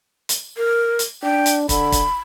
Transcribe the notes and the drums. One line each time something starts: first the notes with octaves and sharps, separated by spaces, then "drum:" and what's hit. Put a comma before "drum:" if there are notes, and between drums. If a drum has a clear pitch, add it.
drum: hi-hat
A#4
drum: hi-hat
D4 G5
drum: hi-hat
D3 B5, drum: kick, hi-hat
drum: kick, hi-hat